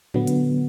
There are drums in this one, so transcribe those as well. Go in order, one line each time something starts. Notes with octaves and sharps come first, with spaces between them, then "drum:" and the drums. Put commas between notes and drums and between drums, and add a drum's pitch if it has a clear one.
D3 F#3 B3, drum: tom A2
drum: hi-hat